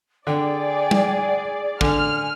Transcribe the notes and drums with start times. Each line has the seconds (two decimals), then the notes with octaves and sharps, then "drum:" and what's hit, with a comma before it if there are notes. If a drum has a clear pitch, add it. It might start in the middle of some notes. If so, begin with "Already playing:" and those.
0.27 D3 G#4 D5 G5
0.91 drum: tom G3
1.81 D3 G#5 F6, drum: kick